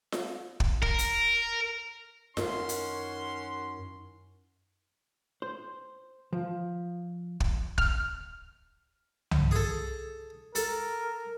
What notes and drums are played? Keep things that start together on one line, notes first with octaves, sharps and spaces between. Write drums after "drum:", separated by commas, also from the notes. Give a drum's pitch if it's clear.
drum: snare F4
drum: kick
A#4, drum: kick
drum: hi-hat
F#2 D#3 C#4 F#4 C6, drum: snare F4
drum: hi-hat
C5
F3
drum: kick
F6, drum: kick
drum: tom C2
G#4 A4
A4 A#4, drum: hi-hat